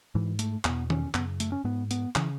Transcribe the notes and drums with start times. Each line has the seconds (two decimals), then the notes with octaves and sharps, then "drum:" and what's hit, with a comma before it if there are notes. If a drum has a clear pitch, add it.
0.15 G#2 E3
0.39 A3, drum: hi-hat
0.65 E2 B2 B3, drum: clap
0.90 C#4, drum: tom D#3
1.14 F#2 C#3 B3, drum: clap
1.40 A3, drum: hi-hat
1.52 C#4
1.64 G#2 B3
1.91 B3, drum: hi-hat
2.16 C#3 E3, drum: clap